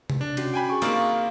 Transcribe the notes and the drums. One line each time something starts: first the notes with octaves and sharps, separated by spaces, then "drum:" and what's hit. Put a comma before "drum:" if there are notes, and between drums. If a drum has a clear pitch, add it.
drum: tom C3
D4
C#4 F#4, drum: cymbal
G5 G#5 B5
G#4 C#6
C3 A#3 D#4 F4 D5, drum: open hi-hat